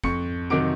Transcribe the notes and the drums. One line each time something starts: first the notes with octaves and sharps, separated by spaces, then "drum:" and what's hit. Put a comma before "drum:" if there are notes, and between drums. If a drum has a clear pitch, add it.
F2 C#6 C#7, drum: kick
C3 D#3 F#3 D6 D7